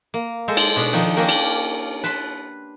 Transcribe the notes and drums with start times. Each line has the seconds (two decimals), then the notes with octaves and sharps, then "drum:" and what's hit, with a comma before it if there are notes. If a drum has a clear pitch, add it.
0.14 A#3
0.48 G#3 A4 C5
0.57 drum: cymbal
0.76 B2 D4
0.93 D#3 F3 D4 D#4
1.17 A#3 C#4 D4 G4 A#4
1.29 drum: cymbal
2.04 B4 A5 B5 C6